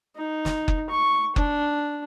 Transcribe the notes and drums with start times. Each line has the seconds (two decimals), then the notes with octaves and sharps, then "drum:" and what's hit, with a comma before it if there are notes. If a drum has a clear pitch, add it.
0.16 D#4
0.45 drum: snare
0.68 drum: kick F#1
0.90 C#6
1.36 D4, drum: kick F#1